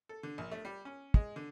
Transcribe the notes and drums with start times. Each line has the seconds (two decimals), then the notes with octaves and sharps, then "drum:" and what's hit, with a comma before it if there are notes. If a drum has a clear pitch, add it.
0.09 A4
0.23 D3
0.38 A#1
0.52 A3
0.65 G3
0.85 C#4
1.14 G#3, drum: kick
1.36 D3